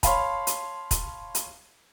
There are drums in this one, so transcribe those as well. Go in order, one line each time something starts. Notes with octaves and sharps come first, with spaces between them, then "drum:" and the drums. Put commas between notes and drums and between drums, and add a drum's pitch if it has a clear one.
C#5 F5 A5 B5 C6, drum: kick, hi-hat
drum: hi-hat
drum: kick, hi-hat
drum: hi-hat